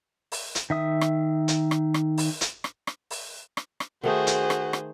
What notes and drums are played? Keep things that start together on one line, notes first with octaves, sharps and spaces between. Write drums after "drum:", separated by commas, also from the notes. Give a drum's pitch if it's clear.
drum: open hi-hat
drum: hi-hat
D#3 E5 D#6
drum: rim click
drum: hi-hat
drum: rim click
drum: rim click
drum: open hi-hat
drum: hi-hat
drum: rim click
drum: rim click
drum: open hi-hat
drum: rim click
drum: rim click
D#3 A3 D#4 F#4 G#4 C5
drum: hi-hat
drum: rim click
drum: rim click